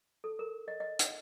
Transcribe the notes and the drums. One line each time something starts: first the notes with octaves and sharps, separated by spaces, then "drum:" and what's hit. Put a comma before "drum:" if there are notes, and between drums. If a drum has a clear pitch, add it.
A4
A#4
D#5
D#5
F#5, drum: hi-hat